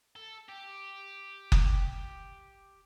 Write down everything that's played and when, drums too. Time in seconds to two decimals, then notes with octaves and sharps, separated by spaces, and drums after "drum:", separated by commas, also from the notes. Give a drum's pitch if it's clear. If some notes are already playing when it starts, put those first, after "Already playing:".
0.16 A4
0.49 G4
1.52 drum: kick F#1